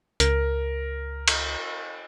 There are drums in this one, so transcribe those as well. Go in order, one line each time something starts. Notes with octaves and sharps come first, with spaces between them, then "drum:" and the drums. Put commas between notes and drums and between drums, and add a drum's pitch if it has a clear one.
C#2 A#4, drum: hi-hat
drum: cymbal